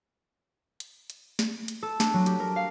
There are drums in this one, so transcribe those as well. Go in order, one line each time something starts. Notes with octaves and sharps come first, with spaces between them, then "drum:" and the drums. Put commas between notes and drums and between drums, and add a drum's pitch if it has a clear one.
drum: hi-hat
drum: hi-hat
drum: snare
drum: hi-hat
A4
D4, drum: snare
F#3
G4, drum: hi-hat
A#4
F5